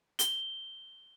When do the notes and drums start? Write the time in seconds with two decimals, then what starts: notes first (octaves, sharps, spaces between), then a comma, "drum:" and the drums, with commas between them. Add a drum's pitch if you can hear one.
0.19 G7, drum: hi-hat